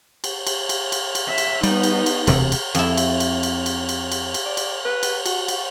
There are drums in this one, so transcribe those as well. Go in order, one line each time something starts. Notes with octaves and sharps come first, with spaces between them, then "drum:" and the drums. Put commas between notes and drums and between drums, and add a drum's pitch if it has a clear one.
drum: cymbal
drum: cymbal
drum: cymbal
drum: cymbal
drum: cymbal
E5
drum: cymbal
G3 B3 D#4, drum: cymbal
drum: cymbal
drum: cymbal
E1 D2 C3, drum: cymbal
drum: cymbal
F2 E4, drum: cymbal
drum: cymbal
drum: cymbal
drum: cymbal
drum: cymbal
drum: cymbal
drum: cymbal
drum: cymbal
D5
drum: cymbal
B4
drum: cymbal
F#4, drum: cymbal
drum: cymbal